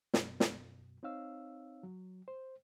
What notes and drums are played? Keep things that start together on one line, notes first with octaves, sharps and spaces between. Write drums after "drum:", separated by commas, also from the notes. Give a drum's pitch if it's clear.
F#2 B2, drum: snare
drum: snare
C4 D#4 C#5 F5 E6
F#3
C5